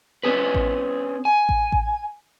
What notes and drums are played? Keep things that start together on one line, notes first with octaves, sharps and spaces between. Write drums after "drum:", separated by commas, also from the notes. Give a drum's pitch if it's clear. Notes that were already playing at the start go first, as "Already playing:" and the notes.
C4 C#4 G#4 B4
drum: kick A1
G#5
drum: kick A1
drum: kick A1